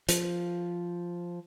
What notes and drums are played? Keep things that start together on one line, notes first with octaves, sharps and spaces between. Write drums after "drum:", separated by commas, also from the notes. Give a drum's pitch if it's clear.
F3, drum: hi-hat